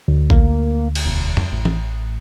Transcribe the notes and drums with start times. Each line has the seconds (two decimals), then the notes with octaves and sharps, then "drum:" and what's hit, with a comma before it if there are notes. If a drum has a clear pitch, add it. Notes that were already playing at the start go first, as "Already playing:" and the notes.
0.08 D2
0.30 A#3, drum: kick A1
0.95 drum: cymbal
1.05 E1
1.37 drum: tom F2
1.52 A1
1.65 drum: tom E3